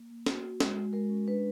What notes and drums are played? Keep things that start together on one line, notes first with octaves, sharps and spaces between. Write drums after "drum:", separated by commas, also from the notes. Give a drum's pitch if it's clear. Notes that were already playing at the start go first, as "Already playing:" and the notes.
Already playing: A#3
A#3
F#4, drum: snare
F#4
G#3, drum: snare
G#3
G#3 A#4
C#4
D4 B4